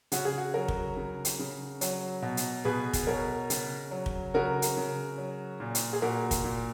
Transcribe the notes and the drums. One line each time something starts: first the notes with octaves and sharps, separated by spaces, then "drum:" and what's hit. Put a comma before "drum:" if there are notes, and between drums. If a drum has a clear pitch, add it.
C#3 F#4, drum: hi-hat
G#4
F#4
F#3 F#4 A#4
drum: kick
C#3
drum: hi-hat
C#3
F#3, drum: hi-hat
B2
drum: hi-hat
B2 G#4 B4
drum: kick, hi-hat
B2 A#4 C#5
C#3, drum: hi-hat
F#3
drum: kick
C#3 F#4 A#4
drum: hi-hat
C#3
F#3
A#2
drum: hi-hat
G#4
A#2 F#4 A#4
drum: kick, hi-hat
A#2